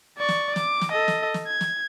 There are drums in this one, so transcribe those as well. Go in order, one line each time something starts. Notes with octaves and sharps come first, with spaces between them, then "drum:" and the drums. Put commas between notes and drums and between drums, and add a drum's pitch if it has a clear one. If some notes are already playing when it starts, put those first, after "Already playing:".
D5 C#6
drum: snare
D6, drum: snare
drum: snare
A4 D#5
drum: snare
drum: snare
G#6
drum: snare